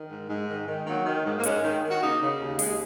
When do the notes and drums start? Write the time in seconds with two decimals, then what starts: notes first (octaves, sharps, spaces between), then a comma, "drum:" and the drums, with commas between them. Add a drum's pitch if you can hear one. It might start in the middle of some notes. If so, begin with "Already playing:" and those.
Already playing: D#3
0.10 G#2
0.29 G#2 G#3
0.48 D#3
0.67 D#3
0.86 D#3 F#3 A#3
1.05 D#3
1.24 G#2
1.38 A#3
1.43 G#2 G#3 C#4, drum: hi-hat
1.63 D#3
1.83 D#3
1.90 F#4
2.01 C#3 A#3 D#4
2.21 C#3
2.40 D#2
2.59 D#2 G#3, drum: open hi-hat